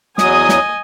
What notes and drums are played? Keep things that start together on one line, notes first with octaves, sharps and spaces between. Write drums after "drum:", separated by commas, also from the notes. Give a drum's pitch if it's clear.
E2 F#3 D#5 G#5 D#6, drum: snare
drum: snare